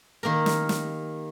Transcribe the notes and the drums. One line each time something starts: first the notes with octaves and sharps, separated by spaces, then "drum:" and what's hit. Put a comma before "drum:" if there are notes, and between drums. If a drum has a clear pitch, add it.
D#3 A#3 G4 A#4
drum: snare
drum: snare